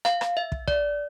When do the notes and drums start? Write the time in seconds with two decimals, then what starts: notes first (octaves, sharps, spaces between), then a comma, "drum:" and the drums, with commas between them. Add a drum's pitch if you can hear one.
0.05 F5, drum: rim click
0.21 drum: rim click
0.37 E5
0.52 drum: kick
0.68 D5, drum: kick